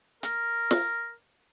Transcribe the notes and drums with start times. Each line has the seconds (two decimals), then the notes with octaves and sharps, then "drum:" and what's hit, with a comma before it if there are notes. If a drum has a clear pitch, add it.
0.23 A#4, drum: hi-hat
0.71 drum: snare